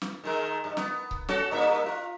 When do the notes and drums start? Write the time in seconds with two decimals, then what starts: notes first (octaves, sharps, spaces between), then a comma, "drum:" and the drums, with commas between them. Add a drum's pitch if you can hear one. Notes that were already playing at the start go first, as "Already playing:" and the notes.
0.02 drum: snare
0.24 D#3 G#3 A#4
0.64 G2
0.77 B3, drum: snare
1.11 drum: kick C#1
1.29 C#4 F#4 A4, drum: snare
1.51 G2 A#3 E5
1.86 F4